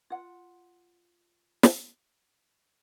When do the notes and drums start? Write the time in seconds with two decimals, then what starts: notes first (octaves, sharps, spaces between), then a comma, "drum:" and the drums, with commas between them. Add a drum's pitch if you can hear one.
0.10 F4 F#5
1.63 drum: snare